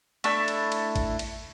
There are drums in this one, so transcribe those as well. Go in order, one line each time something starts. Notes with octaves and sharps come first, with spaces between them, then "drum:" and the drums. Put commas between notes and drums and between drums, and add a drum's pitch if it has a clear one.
A3 D4 E4, drum: cymbal
drum: cymbal
drum: cymbal
drum: kick G#1, cymbal
drum: cymbal